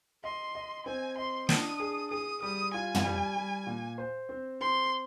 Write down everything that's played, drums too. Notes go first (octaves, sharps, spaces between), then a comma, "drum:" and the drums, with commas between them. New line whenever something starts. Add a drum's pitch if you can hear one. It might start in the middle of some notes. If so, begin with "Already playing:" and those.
D#5 C6
D#5
C4 G#5
D#5 C6
D4 D#6, drum: snare
G#4
G#4 D#6
G3 D#6
F4 G#5
drum: tom
G3
G3
A#2
C5
C4
C4 C6